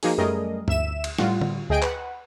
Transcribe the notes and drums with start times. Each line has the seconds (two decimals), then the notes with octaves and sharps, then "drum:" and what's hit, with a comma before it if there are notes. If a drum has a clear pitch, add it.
0.03 F3 A#3 D#4 F#4 G#4, drum: open hi-hat
0.18 F#2 G3 A3 G#4 A#4 D#5
0.68 D2 E5 E7, drum: tom G2
1.04 drum: cymbal
1.18 A2 G3 F4 F#4, drum: snare
1.41 drum: tom D3
1.69 D2 G#4 D#5 G5 G#5 D7
1.82 B4 F#5, drum: clap